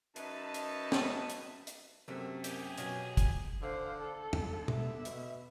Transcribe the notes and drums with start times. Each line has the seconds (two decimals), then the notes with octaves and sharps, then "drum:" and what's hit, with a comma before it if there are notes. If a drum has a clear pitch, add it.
0.16 F#2 D#4 B4 E5 A5, drum: hi-hat
0.54 drum: hi-hat
0.92 drum: snare
1.29 drum: hi-hat
1.67 drum: hi-hat
2.08 F#2 C3 A3 A#3 C4 B6
2.44 G4 G#4, drum: hi-hat
2.78 B2 F#3 F4 C#5 G#5, drum: hi-hat
3.17 drum: kick, hi-hat
3.62 D3 C5 F5
4.00 A4
4.33 D3, drum: tom
4.68 B3 E5, drum: tom
5.05 B2, drum: hi-hat